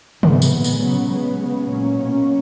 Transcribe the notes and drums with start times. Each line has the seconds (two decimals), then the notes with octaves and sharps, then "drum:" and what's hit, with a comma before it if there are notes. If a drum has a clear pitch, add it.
0.23 G#2 E3 B3, drum: tom
0.42 drum: tambourine
0.52 A#2 G#3 B3
0.64 drum: tambourine
0.81 C#3 F#3 B3
1.10 C#3 G#3 B3
1.39 C#3 G#3 B3
1.68 A#2 F#3 A#3 C#4
1.96 B2 A#3 C#4